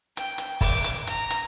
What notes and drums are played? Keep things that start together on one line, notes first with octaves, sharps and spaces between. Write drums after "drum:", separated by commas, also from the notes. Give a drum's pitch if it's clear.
G5, drum: hi-hat
drum: hi-hat
D6, drum: kick, open hi-hat
drum: hi-hat
A#5, drum: hi-hat
drum: hi-hat